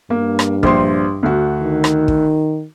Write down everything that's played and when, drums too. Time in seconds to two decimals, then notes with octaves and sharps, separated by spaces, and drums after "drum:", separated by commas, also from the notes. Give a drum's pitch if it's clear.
0.10 G2 A#3
0.39 drum: rim click
0.63 A#1 C5 C6, drum: kick
1.23 D2 F#4
1.61 D#3
1.84 drum: rim click
2.08 drum: kick